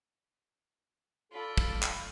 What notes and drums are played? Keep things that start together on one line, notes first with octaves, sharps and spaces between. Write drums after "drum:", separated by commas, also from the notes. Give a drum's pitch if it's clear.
F4 A4 D5 B5
drum: kick
drum: clap